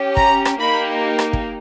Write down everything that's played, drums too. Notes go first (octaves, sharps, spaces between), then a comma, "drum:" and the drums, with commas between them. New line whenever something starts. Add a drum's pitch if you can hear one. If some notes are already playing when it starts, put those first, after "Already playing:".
Already playing: C#4 G4
A#5, drum: kick
drum: rim click
A#3 D#4 G4 B5
drum: rim click
drum: kick